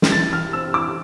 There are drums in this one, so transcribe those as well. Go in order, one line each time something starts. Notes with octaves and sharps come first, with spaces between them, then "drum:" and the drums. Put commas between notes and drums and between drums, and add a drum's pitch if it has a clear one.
drum: snare
E3 A6
E3 F6
C4 E6
E3 D6